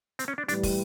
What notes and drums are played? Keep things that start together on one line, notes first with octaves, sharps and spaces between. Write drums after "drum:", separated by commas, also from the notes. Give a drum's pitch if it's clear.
C4, drum: hi-hat
C#4
D4
A2 E3 G3 D4, drum: hi-hat
drum: kick, open hi-hat